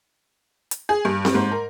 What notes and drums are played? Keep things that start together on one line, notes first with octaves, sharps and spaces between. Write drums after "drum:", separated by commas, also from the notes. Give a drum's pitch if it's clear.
drum: hi-hat
G#4
G2
drum: snare C4
G#2
A#4